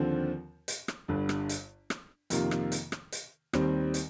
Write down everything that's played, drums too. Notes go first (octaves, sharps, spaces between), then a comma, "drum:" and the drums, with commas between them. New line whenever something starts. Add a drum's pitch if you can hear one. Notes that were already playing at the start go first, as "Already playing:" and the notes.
Already playing: D#2 D3 F3 C4
drum: hi-hat
drum: rim click
G1 G2 D3
drum: rim click
drum: hi-hat
drum: rim click
F2 C3 D#3 A#3 F4, drum: hi-hat
drum: rim click
drum: hi-hat
drum: rim click
drum: hi-hat
D#2 D#3 G3 C4, drum: rim click
drum: hi-hat